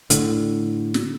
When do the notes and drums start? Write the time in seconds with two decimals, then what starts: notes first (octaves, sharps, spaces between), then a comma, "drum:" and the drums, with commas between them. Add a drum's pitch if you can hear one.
0.10 A2 D3, drum: hi-hat
0.94 drum: snare